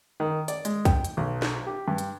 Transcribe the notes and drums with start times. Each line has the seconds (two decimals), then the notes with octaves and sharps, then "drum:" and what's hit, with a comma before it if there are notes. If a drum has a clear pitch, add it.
0.20 D#3
0.48 D5, drum: hi-hat
0.65 G#3, drum: hi-hat
0.85 G5, drum: kick B1, hi-hat
1.04 drum: hi-hat
1.17 B1
1.42 drum: snare
1.67 G4
1.88 G2
1.98 drum: hi-hat